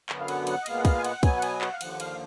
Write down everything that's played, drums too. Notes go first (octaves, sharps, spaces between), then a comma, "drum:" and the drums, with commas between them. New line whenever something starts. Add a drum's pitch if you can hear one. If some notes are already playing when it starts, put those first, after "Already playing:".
F#2 D3 F#3 B3, drum: clap
F5
F#5, drum: cymbal
F#5, drum: cymbal
D#5
A#2 G#3 B3 F5, drum: cymbal
F#5
F5, drum: kick, cymbal
G#5
F#5, drum: cymbal
B2 F#3 B3 G#5, drum: kick, cymbal
F#5
G#5, drum: cymbal
F#5, drum: clap
F5
D#2 D3 F3 F#5, drum: cymbal
F5, drum: cymbal